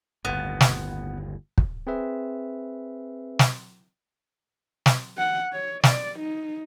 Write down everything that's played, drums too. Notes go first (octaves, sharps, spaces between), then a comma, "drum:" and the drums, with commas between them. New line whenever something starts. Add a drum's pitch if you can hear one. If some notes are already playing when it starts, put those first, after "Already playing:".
G1 D#2 A2 B3
drum: snare
drum: kick
C4 G#4 B4 E5
drum: snare
drum: snare
F#5
C#5
D5, drum: snare
D#4